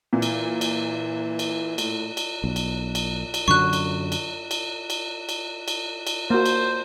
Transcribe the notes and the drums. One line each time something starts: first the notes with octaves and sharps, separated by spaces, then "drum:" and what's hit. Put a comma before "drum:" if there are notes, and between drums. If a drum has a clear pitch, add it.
A#2 E3
drum: cymbal
drum: cymbal
drum: cymbal
A2, drum: cymbal
drum: cymbal
B1
drum: cymbal
drum: cymbal
drum: cymbal
F#2 D3 F#3 C#6 F#6
drum: cymbal
drum: cymbal
drum: cymbal
drum: cymbal
drum: cymbal
drum: cymbal
drum: cymbal
A#3 F#4 C5
drum: cymbal